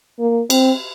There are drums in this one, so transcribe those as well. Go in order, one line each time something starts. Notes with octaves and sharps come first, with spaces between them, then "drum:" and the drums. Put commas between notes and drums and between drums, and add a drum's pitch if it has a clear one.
A#3
C4, drum: cymbal